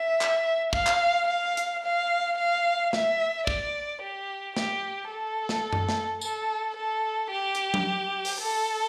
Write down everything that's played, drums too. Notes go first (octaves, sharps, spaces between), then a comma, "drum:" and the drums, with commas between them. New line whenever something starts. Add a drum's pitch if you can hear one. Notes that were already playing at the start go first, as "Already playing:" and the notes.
Already playing: E5
drum: clap
F5, drum: kick
drum: clap
F5
drum: hi-hat
F5
F5
E5, drum: snare
D5, drum: kick
G4
G4, drum: snare
A4
drum: snare
drum: tom F#2
drum: snare
A4, drum: tambourine
A4
G4
drum: hi-hat
drum: tom F#3
drum: open hi-hat
A4